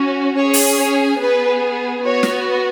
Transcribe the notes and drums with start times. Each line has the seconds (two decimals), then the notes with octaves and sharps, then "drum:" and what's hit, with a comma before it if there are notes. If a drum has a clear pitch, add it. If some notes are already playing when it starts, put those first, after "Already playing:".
Already playing: C#4 F#4
0.36 C#4 G#4 C#5
0.54 drum: open hi-hat
0.78 C#5
1.21 B3 G#4 B4
2.06 B3 F#4 C#5
2.23 drum: snare